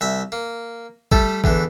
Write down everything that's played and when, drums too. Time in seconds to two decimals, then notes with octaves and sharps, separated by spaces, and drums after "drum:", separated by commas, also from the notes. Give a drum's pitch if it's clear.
0.01 C2 E5
0.32 A#3
1.12 G3 A3 A4, drum: kick
1.44 E2 D3 E3, drum: kick